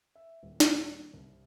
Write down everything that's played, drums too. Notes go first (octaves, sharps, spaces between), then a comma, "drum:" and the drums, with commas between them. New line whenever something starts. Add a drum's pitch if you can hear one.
E5
D#1
drum: snare
C2